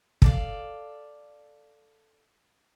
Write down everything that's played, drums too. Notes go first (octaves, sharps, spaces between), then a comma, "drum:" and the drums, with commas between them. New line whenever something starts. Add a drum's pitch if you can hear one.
A4 D5 F5, drum: kick